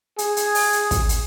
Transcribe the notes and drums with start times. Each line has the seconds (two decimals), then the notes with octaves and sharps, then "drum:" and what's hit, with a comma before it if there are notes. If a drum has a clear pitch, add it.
0.18 G#4, drum: hi-hat
0.37 drum: hi-hat
0.55 drum: open hi-hat
0.73 drum: hi-hat
0.91 drum: kick, hi-hat
1.09 drum: hi-hat